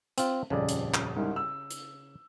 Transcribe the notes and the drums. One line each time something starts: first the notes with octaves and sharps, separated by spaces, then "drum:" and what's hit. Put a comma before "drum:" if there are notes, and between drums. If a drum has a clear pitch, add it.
C4 F4, drum: hi-hat
D#1 F2 C#3 D5
drum: hi-hat
drum: clap
C2 G#2
E6
drum: hi-hat